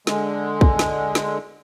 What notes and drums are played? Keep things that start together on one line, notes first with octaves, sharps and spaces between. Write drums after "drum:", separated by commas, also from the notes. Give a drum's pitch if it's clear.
D3 G#3, drum: snare
drum: kick
drum: snare
drum: snare